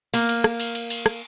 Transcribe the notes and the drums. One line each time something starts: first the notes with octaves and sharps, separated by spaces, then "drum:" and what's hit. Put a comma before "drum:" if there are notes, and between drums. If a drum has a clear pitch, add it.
A#3, drum: cymbal
drum: cymbal
drum: rim click
drum: cymbal
drum: cymbal
drum: cymbal
drum: rim click